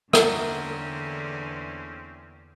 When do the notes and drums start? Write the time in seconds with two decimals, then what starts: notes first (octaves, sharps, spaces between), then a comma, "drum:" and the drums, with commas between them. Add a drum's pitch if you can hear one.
0.13 E2 D3 A#3 C4 C#4 F#5, drum: rim click